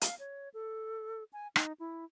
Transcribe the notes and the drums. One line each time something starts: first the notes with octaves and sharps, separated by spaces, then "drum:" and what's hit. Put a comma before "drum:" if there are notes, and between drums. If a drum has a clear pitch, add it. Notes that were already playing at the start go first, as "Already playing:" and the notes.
F5, drum: hi-hat
C#5
A4
G#5
D#4, drum: rim click
E4